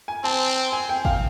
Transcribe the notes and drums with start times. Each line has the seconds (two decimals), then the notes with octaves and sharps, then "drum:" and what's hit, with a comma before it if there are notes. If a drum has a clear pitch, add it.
0.08 G#5
0.24 C4 A5
0.73 G#5
0.89 G5
1.05 F5, drum: kick G#1